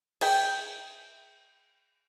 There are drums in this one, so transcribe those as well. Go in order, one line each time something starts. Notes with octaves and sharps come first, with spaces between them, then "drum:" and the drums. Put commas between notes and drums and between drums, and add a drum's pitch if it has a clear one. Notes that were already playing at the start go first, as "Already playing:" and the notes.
G#4 E5 G5, drum: cymbal